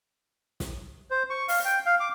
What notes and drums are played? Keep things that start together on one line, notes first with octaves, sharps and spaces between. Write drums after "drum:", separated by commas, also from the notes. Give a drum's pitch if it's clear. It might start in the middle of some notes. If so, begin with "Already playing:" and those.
drum: snare
C5
C#6
F5, drum: open hi-hat
G5
F5
D6